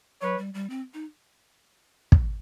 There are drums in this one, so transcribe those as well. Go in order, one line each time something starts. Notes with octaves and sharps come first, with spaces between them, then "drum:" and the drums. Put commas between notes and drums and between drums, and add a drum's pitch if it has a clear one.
F#3 B4 C#5
G3
G3
C4
D#4
drum: kick